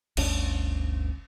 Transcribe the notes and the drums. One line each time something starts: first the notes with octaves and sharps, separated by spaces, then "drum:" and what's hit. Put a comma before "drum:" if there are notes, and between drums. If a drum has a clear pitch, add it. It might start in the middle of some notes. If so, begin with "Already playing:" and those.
G1 D2 C#4 D4, drum: cymbal